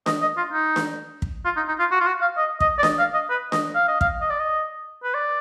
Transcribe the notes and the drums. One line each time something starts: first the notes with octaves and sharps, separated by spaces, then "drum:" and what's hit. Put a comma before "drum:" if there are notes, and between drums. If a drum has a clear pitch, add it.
D#5, drum: snare D4
D#5
F4
D#4
drum: snare D4
drum: kick
F4
D#4
D#4
F4
F#4
F4
F#4
F5
D#5
D#5, drum: kick
D5
D#5, drum: snare D4
F5
D#5
B4
D#5, drum: snare D4
F5
D#5
F5, drum: kick
D#5
D5
D#5
B4
D5